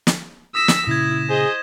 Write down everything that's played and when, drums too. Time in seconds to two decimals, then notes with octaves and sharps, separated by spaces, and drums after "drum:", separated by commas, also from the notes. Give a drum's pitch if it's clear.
0.07 drum: snare
0.55 D#6 E6 A#6 B6 E7
0.68 drum: snare
0.87 A#2 C#3 E4 G#6 B6
1.30 G#4 C5 D#5